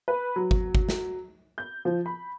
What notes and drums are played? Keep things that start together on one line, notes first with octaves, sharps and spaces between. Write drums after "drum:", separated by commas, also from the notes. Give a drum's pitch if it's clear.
B4
F#3
drum: kick G1
drum: kick G1
drum: snare
G6
F3
B5